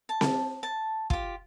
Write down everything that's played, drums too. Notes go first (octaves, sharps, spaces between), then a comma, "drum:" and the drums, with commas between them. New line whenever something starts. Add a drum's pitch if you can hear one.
A5
drum: snare C4
A5
F4 G4, drum: kick